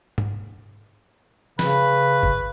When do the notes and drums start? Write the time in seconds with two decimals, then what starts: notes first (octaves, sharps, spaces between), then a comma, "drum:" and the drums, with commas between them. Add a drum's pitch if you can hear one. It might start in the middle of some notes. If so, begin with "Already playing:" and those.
0.18 drum: tom G#2
1.59 C#3 B4, drum: snare
2.23 drum: kick